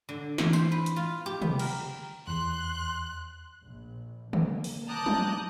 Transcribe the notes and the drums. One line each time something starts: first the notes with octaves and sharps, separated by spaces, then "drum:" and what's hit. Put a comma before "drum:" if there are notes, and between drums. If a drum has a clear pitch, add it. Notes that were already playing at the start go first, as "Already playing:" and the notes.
D3
E3, drum: snare
C5, drum: tambourine
B4
drum: hi-hat
F4
G4
B3, drum: tom C3
A#4, drum: cymbal
E2 C6 F#6
A#1
A#3, drum: tom C#3
drum: open hi-hat
A5 A#5 D6 D#6 F#6 G6
drum: tom F3